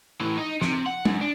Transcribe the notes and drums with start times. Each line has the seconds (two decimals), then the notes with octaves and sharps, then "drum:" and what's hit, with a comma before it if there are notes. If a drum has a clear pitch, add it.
0.21 A2 E3
0.38 D#4
0.61 C3, drum: snare
0.86 F#5
1.05 F#2, drum: tom
1.21 D4